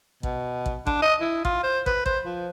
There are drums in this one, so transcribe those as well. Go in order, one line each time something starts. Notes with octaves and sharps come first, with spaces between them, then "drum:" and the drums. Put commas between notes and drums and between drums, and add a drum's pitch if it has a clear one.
B2, drum: kick
drum: kick
D4, drum: kick
D#5
E4
F4, drum: kick
C5
B4, drum: kick
C5, drum: kick
F3